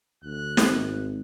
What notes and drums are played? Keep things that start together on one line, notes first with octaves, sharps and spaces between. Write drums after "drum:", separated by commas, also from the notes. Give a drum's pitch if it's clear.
D2 F#6
drum: snare
G#1